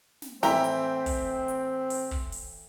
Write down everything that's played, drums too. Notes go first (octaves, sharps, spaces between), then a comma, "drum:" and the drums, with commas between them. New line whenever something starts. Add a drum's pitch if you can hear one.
drum: snare
A2 E3 C4 E4 E5 G5 A#5, drum: snare
drum: hi-hat
drum: kick, open hi-hat
drum: hi-hat
drum: open hi-hat
drum: kick
drum: open hi-hat